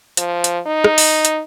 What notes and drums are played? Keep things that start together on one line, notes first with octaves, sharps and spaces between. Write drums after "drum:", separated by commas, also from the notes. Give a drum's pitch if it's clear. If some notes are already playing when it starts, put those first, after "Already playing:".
F3, drum: hi-hat
drum: hi-hat
D#4
drum: rim click
drum: open hi-hat
drum: hi-hat